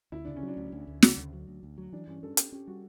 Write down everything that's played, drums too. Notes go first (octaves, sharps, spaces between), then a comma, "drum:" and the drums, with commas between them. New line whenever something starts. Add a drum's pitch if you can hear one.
D2 E4
C#3 D4
C#4
F#3
D4
D2
D2
D2
C#3, drum: snare
D2
F#3
D2
D2
F#3
E3 D4
G2 C#4
G2 A4
C#4 G4, drum: hi-hat
C#4 G4
G3 F#4